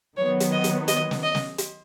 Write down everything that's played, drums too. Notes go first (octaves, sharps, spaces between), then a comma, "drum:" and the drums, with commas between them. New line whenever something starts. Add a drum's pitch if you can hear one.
D#3 F#3 B3 C#5
drum: hi-hat
D#5
drum: hi-hat
D#5, drum: hi-hat
drum: snare
D#5
drum: snare
drum: hi-hat